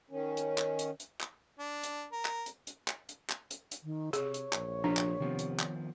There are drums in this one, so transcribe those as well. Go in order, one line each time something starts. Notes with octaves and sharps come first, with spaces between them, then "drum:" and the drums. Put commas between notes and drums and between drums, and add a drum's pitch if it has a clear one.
D#3 C#4
drum: hi-hat
drum: clap
drum: hi-hat
drum: hi-hat
drum: clap
D4
drum: hi-hat
A#4
drum: clap
drum: hi-hat
drum: hi-hat
drum: clap
drum: hi-hat
drum: clap
drum: hi-hat
drum: hi-hat
D#3
C3 G#4 C#5, drum: hi-hat
drum: hi-hat
A#1, drum: clap
F3 D4 F4 G4
drum: clap
C3 D#3 F3 B3
drum: hi-hat
drum: clap